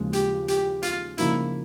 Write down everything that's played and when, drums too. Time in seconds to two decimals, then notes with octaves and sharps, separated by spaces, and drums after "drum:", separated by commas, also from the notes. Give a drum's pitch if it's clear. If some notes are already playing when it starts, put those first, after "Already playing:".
Already playing: D#2 C#3 F3 G#3
0.13 G4, drum: hi-hat
0.48 G4, drum: hi-hat
0.82 F4, drum: hi-hat
1.18 C#3 F3 A#3 D#4 E4, drum: hi-hat